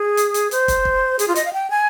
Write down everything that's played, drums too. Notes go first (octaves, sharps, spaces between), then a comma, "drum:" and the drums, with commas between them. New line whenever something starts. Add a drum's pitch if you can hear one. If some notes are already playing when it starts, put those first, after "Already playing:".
Already playing: G#4
drum: hi-hat
drum: hi-hat
C5, drum: hi-hat
drum: kick, hi-hat
drum: kick
G#4, drum: hi-hat
F4
D#5, drum: hi-hat
F5
G5
G#5